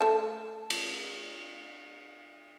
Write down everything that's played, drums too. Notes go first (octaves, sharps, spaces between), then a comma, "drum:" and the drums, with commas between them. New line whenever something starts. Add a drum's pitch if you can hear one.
A3 A5
drum: cymbal